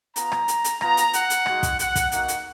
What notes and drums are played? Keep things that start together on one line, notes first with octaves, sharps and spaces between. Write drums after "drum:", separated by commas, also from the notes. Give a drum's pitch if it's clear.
B3 F4 A#5, drum: hi-hat
drum: rim click
drum: hi-hat
drum: hi-hat
B3 F4 A#5, drum: rim click
drum: hi-hat
F#5, drum: hi-hat
drum: hi-hat
G#3 D#4 F#4, drum: rim click
drum: kick, hi-hat
F#5, drum: hi-hat
drum: kick, hi-hat
A#3 D#4 F#4 F#5, drum: hi-hat
drum: hi-hat